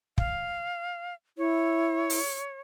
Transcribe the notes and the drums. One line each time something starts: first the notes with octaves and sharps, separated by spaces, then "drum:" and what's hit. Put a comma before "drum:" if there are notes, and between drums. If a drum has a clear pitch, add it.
F5, drum: kick
E4 C#5
drum: open hi-hat